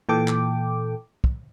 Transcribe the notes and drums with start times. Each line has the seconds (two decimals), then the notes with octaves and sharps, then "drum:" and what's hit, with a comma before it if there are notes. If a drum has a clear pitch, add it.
0.09 A#2 E3 A4 G5 D6
0.28 drum: clap
1.24 drum: kick